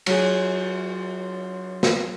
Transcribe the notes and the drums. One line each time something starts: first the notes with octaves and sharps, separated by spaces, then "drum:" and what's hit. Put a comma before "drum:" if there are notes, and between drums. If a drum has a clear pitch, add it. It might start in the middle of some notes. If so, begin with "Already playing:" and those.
F#3 G#4, drum: cymbal
drum: snare